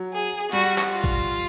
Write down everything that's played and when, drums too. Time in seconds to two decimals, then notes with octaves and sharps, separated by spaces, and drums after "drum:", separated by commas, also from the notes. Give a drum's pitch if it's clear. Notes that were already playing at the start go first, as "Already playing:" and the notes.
Already playing: F#3
0.14 G#4
0.52 G3 F#4, drum: hi-hat
0.78 drum: clap
0.91 F4
1.04 drum: kick